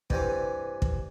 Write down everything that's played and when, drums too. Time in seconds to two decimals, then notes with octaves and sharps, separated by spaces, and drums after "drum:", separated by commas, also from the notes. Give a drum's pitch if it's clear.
0.10 G2 C3 E3, drum: kick
0.82 drum: kick